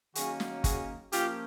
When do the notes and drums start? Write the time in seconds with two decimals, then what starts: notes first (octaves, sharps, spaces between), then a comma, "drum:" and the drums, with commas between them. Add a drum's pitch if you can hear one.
0.15 D#3 F#3 A#3 C#4 F#4 G#4, drum: hi-hat
0.40 drum: snare
0.64 F#4 G#4, drum: kick, hi-hat
1.12 F3 A#3 C#4 F4 G4, drum: hi-hat